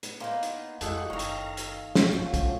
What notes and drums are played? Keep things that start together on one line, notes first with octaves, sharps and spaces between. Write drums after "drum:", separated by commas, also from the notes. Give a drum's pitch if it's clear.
B3, drum: hi-hat
A#3 B3 D#4 C5 F5 G#5
drum: hi-hat
F2 E3 G#3 F#4 G4 A4 D#5 F#5, drum: hi-hat
F#1 D#2 D#3 C#5 F5 A#5
drum: hi-hat
drum: hi-hat
drum: snare
G#1 D3 F#3 A3 C4 C#4 F4 F#4
drum: kick, hi-hat